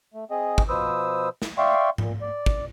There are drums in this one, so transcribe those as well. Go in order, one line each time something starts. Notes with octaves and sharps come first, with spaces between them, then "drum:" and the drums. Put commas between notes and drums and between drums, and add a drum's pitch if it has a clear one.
A3
C4 G#4 D#5
drum: kick
B2 F3 B4 C5 D#6 E6
drum: snare
D5 E5 F5 G5 C6 C#6
A#2, drum: tom G#2
D5
drum: kick